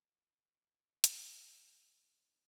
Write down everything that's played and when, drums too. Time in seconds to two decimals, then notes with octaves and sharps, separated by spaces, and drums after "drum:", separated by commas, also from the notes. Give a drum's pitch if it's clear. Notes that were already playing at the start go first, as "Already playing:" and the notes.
Already playing: D3
0.09 G3 F4
0.27 D3
0.46 D3
0.65 G3
0.85 C3
1.04 C3, drum: hi-hat
1.17 G#4
1.22 G3 G4
1.37 D3 D#4
1.51 D4
1.61 D3
1.66 D#4
1.80 G3 D4
1.99 B2 D#4
2.18 B2 D#4